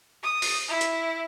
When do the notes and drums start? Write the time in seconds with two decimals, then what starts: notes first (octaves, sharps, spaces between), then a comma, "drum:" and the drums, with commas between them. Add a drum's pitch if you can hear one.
0.23 D#6
0.42 drum: open hi-hat
0.68 E4
0.81 drum: hi-hat